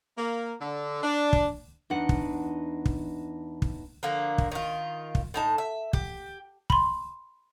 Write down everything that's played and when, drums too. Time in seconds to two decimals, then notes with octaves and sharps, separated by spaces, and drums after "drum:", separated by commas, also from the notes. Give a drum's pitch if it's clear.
0.16 A#3
0.61 D3
1.02 D4
1.33 drum: kick
1.90 E2 D4 D#4 F#5
2.09 drum: kick
2.85 drum: kick
3.62 drum: kick
4.03 D3 F3 A#3
4.38 drum: kick
4.52 D#3 F4
5.15 drum: kick
5.34 A2 D#4 A5
5.58 E5
5.93 G4, drum: kick
6.70 B5 C6, drum: kick